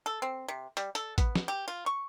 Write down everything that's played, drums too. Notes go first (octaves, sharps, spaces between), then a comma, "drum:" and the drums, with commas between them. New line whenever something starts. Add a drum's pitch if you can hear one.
A4
C4
C3
G3, drum: hi-hat
A4, drum: hi-hat
B3, drum: kick A1, hi-hat
drum: snare
G4
F4
C#6